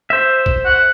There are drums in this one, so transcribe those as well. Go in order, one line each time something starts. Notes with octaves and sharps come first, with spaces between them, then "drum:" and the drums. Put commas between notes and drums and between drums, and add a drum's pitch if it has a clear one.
C5 E5
drum: kick B1
F#5